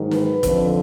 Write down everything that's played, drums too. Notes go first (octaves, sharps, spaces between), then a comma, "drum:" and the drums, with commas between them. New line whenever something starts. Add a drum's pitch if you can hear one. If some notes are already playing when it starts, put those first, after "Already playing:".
Already playing: G#2 D#3 F#3
B4, drum: snare
F2 D3 F3, drum: kick, hi-hat